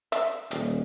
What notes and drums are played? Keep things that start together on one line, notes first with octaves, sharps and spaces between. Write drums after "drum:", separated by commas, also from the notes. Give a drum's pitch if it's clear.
E5, drum: hi-hat
D#1, drum: hi-hat